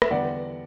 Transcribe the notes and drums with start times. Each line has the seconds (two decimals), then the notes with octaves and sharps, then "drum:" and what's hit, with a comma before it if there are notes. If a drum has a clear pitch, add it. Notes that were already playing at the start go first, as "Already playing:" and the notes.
0.02 E5, drum: rim click
0.11 E2 D3 G3 B3 D5 F#5